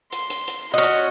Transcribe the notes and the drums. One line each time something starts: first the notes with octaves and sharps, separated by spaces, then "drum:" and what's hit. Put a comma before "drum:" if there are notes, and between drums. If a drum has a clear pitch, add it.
C6, drum: hi-hat
drum: hi-hat
drum: hi-hat
C#4 F#4 D#5
drum: hi-hat